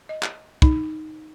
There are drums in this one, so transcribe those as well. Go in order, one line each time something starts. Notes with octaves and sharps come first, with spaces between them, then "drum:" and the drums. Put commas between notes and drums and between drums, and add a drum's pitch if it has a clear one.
D#5
drum: clap
D#4, drum: kick